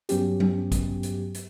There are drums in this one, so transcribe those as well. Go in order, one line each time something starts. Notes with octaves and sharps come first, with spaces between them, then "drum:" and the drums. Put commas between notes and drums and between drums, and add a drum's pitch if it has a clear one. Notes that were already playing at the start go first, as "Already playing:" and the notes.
G2 F#3 B3 C#4 G4, drum: hi-hat
drum: tom F#3
drum: kick A1, hi-hat
drum: hi-hat
drum: hi-hat